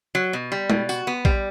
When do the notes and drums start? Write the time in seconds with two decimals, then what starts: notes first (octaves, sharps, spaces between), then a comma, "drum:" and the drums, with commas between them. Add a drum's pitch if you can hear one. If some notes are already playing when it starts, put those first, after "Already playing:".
0.15 F#3
0.33 B2
0.52 G3
0.70 B2, drum: tom G#3
0.89 F#4, drum: tambourine
1.07 B3
1.25 G3, drum: kick A#1